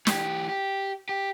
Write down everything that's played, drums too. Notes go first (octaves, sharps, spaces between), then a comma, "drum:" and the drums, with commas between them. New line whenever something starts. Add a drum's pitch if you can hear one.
E3 G4, drum: snare
G4
G4